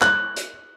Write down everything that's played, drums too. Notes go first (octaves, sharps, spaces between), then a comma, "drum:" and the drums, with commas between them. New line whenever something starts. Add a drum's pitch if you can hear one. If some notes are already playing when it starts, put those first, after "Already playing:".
F#6, drum: clap
drum: hi-hat